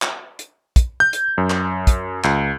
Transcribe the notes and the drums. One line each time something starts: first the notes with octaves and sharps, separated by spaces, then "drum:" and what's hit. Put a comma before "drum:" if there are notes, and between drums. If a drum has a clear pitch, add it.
drum: clap
drum: hi-hat
drum: kick, hi-hat
G6
drum: hi-hat
F#2
drum: clap
drum: kick, hi-hat
C#2, drum: clap